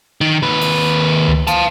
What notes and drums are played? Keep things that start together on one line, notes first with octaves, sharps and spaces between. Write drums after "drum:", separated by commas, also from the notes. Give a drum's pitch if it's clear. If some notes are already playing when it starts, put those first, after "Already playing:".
D#3
D#2 B4
drum: open hi-hat
drum: tom C#2
F5 A5, drum: hi-hat